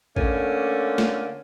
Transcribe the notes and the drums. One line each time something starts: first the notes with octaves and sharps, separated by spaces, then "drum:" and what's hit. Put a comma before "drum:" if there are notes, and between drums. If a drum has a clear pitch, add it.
D3 A3 A#3 C#4, drum: kick G1
drum: snare